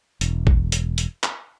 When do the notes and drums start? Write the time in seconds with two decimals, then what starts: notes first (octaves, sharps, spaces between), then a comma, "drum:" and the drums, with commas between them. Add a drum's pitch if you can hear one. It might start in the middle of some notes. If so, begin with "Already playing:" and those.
0.21 E1, drum: hi-hat
0.47 drum: kick
0.72 drum: hi-hat
0.98 drum: hi-hat
1.23 drum: clap